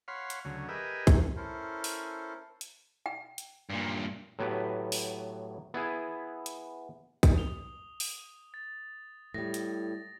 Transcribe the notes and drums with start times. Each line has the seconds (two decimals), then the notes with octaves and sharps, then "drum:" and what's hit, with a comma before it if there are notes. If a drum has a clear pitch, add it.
0.08 C#5 F5 F#5 B5 C6
0.30 drum: hi-hat
0.45 D2 C#3 F#3
0.69 G4 G#4 A#4 B4 D#5 E5
1.07 drum: kick, hi-hat
1.36 C#4 E4 A4 A#4 C5
1.84 drum: open hi-hat
2.61 drum: hi-hat
3.06 G5
3.38 drum: hi-hat
3.70 G2 A#2
4.39 A2 F#3 B3 G4 B4
4.92 drum: open hi-hat
5.74 B3 E4 G#4
6.46 drum: hi-hat
7.23 drum: kick, hi-hat
7.37 D#6 F7 G7
8.00 drum: open hi-hat
8.54 A6
9.34 A2 G3 A#6
9.54 drum: hi-hat